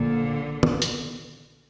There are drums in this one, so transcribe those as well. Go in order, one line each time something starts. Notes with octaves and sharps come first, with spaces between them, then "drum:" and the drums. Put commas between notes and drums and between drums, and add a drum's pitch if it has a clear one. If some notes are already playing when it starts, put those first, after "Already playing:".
Already playing: A#1 A#2 D3 A#3
drum: tom
drum: hi-hat